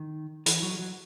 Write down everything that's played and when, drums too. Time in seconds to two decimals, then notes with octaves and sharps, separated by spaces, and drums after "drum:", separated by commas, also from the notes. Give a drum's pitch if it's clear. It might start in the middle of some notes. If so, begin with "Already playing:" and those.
Already playing: D#3
0.46 E3, drum: hi-hat
0.62 F#3
0.79 F#3